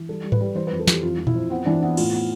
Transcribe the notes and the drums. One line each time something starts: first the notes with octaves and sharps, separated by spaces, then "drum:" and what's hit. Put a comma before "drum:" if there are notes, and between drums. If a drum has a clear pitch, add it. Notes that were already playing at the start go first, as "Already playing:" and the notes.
Already playing: E3
G3 A4
G3
B4, drum: tom G#2
G3
E3 C5
F2 B4
A4
E3 G4, drum: snare
F2 F4
F2
E4, drum: tom A#2
F2
B3 C4
E3 D4
B3 E4
A2 F4, drum: cymbal
B3